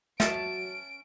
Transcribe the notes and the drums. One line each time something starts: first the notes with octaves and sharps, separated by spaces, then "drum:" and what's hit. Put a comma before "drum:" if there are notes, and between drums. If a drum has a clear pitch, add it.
F#3 C#4 E5 A5 D7, drum: snare